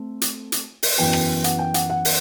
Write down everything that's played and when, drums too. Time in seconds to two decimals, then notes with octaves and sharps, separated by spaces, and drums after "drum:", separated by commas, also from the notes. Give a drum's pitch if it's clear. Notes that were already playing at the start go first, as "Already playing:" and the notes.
Already playing: A3 C4
0.21 drum: hi-hat
0.52 drum: hi-hat
0.83 drum: open hi-hat
0.98 F#2 E3 B3 G5
1.13 drum: rim click
1.44 F#5, drum: hi-hat
1.59 G5
1.74 F#5, drum: hi-hat
1.90 F#5
2.05 drum: open hi-hat